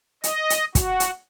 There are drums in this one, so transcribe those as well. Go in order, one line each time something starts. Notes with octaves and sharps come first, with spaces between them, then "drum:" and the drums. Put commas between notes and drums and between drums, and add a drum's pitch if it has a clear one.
D#5, drum: hi-hat
drum: hi-hat
F#4, drum: kick, hi-hat
drum: hi-hat